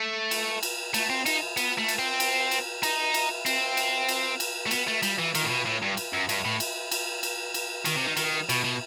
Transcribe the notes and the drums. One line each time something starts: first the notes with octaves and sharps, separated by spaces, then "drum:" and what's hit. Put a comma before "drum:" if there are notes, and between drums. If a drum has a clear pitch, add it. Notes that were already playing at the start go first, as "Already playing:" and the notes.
Already playing: A3
drum: cymbal
drum: cymbal
A3, drum: cymbal
C4
D#4, drum: cymbal
B3, drum: cymbal
A3
drum: cymbal
C4
drum: cymbal
drum: cymbal
D#4, drum: cymbal
drum: cymbal
C4, drum: cymbal
drum: cymbal
drum: cymbal
drum: cymbal
A3
B3, drum: cymbal
A3
G3, drum: cymbal
E3
D#3, drum: cymbal
A2
B2
A2
G2
drum: cymbal
F#2
G2, drum: cymbal
A2
drum: cymbal
drum: cymbal
drum: cymbal
drum: cymbal
D#3, drum: cymbal
C3
D#3
D#3, drum: cymbal
B2, drum: cymbal
B2